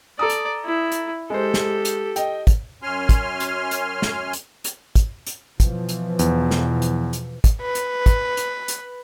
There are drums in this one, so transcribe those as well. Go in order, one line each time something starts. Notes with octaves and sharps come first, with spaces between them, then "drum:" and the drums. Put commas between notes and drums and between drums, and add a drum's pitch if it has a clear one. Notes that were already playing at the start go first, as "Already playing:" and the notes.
A4 D5 A#5 D#6
drum: hi-hat
E4
drum: hi-hat
G#3 G4 A4 C5
drum: snare
drum: hi-hat
D#5 G5, drum: hi-hat
drum: kick, hi-hat
F#2 C#4 G#5 C6 F6
drum: kick, hi-hat
drum: hi-hat
drum: hi-hat
drum: snare
drum: hi-hat
drum: hi-hat
drum: kick, hi-hat
drum: hi-hat
B2 E3 F3, drum: kick, hi-hat
drum: hi-hat
E2, drum: hi-hat
drum: snare
drum: hi-hat
drum: hi-hat
drum: kick, hi-hat
B4
drum: hi-hat
drum: kick, hi-hat
drum: hi-hat
drum: hi-hat